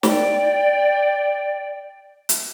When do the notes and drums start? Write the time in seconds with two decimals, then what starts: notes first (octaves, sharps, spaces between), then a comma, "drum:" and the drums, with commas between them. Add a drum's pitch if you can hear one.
0.03 D5 G5, drum: snare
2.29 drum: hi-hat